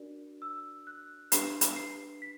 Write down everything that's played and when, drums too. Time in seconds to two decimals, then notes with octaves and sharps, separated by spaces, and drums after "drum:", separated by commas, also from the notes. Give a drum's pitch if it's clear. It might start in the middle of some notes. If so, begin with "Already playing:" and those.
Already playing: D4 F#4 A#4 D5
0.42 E6
0.87 F#6
1.32 D4 G4 B4 C7, drum: hi-hat
1.61 drum: hi-hat
1.76 C7
2.22 B6